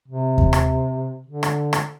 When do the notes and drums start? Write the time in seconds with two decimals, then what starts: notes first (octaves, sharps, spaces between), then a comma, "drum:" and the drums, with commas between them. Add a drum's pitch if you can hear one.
0.08 C3
0.38 drum: kick D#2
0.53 drum: rim click
1.27 D3
1.43 drum: rim click
1.73 drum: rim click